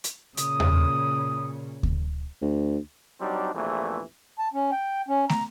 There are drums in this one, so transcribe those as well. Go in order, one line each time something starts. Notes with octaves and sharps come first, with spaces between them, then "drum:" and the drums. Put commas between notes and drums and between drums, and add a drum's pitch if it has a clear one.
drum: hi-hat
A#2 C#3 D#6, drum: hi-hat
drum: tom E2
drum: kick D2
D2
F#3 G3 C4 D4 D#4
A#1 E2 C3 E3 A3
A5
C#4
G5
C#4
A#5, drum: snare